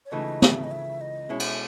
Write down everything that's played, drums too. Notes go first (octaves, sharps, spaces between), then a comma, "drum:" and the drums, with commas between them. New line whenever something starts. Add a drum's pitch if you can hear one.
C#5
C#2 C#3 E3 A3 D#4 D#5
E5, drum: snare
D#5
E5
D#5
B2 G#3 C#4 E4 E5
drum: cymbal